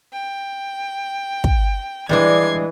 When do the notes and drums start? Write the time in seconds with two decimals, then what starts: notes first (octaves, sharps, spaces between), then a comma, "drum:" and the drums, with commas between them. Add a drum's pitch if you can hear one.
0.13 G5
1.44 drum: kick
2.09 E3 G3 G#3 D4 G#6 C7